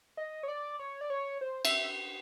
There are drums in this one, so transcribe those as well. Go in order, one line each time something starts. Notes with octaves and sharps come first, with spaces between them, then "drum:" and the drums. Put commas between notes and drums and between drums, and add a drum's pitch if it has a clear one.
D#5
C#5
D5
C#5
D5
C#5
C5
E5, drum: cymbal